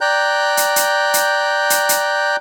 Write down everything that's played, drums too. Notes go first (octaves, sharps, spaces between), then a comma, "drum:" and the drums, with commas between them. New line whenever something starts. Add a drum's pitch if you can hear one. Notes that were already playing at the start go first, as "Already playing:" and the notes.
D5 G5 A#5 F#6 G6
drum: hi-hat
drum: hi-hat
drum: hi-hat
drum: hi-hat
drum: hi-hat